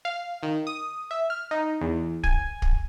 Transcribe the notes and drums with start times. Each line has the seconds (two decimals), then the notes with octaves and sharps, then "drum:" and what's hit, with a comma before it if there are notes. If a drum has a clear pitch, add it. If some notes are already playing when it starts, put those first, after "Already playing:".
0.05 F5
0.43 D#3
0.67 D#6
1.11 E5
1.30 F6
1.51 D#4
1.81 E2
2.24 G#5, drum: kick
2.62 drum: kick